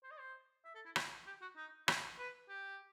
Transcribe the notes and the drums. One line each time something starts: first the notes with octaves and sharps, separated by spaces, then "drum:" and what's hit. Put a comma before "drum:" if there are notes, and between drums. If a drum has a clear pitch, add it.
C5
D#5
C5
E5
A4
E4
E4, drum: rim click
G4
F#4
D#4
E4, drum: rim click
B4
G4